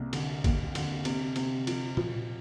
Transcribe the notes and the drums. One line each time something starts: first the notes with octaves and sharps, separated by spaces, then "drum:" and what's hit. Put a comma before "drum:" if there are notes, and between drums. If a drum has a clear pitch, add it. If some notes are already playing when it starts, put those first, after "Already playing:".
Already playing: C2 A#3
D3, drum: cymbal
D#2, drum: kick, cymbal
D3, drum: cymbal
C3, drum: cymbal
C3, drum: cymbal
F3, drum: cymbal
F3, drum: tom A#2